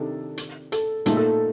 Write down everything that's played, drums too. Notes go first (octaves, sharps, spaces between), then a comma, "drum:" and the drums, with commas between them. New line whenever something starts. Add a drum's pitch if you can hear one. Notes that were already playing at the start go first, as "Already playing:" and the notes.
Already playing: C3 D#3 D4 A4
drum: hi-hat
A4, drum: hi-hat
A#2 A3 D#4 A4, drum: hi-hat
A4